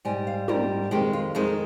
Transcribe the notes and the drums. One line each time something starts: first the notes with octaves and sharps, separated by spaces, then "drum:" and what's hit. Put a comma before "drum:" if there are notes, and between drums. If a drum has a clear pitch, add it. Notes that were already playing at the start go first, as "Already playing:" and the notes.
G#2 G3 G#5
F5
G#2 G3 A#4, drum: tom
F2 D#3 G#3 G4
F4
F2 D#3 G#3 D#4